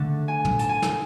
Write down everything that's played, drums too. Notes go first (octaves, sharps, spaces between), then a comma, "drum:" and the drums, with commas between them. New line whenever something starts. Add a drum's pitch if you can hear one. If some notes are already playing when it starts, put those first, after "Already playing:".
Already playing: D3 A3 A5
G#5
drum: tom
A5, drum: hi-hat
G#5
drum: snare